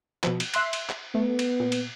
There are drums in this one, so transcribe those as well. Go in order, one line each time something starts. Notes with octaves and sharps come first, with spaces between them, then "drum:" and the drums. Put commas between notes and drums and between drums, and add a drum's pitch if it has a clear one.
B2 F3, drum: clap
drum: cymbal
E5 C6 F#6, drum: cymbal
drum: cymbal
drum: clap
A3 B3
drum: cymbal
A#2
drum: cymbal